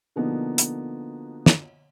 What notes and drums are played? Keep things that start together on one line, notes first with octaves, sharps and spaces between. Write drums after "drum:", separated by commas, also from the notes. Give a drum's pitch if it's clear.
B2 D3 F3 A#3 B3 D#4
drum: hi-hat
drum: snare